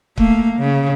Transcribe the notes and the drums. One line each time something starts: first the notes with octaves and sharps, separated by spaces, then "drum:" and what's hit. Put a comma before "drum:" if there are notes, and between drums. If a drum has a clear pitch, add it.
A3 A#3, drum: kick
C#3